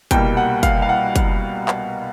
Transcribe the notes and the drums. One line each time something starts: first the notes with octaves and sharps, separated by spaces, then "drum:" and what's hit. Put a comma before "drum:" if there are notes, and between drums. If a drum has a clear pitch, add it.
C2 B2 G3 A#3 G5, drum: kick, hi-hat
F#5
F5, drum: kick, hi-hat
F5
F#5
drum: kick, hi-hat
drum: clap